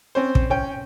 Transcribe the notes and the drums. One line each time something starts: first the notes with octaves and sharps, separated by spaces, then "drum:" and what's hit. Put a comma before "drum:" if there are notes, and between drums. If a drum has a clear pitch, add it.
C4 C#4 C5
drum: kick
C#4 G5